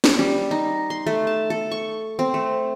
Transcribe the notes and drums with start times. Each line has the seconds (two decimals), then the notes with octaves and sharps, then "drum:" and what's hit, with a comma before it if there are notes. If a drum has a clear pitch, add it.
0.04 drum: snare
0.19 G3
0.51 D#4
0.90 C6
1.07 A3
1.27 A5
1.50 A4
1.71 C#6
2.19 C4
2.34 A3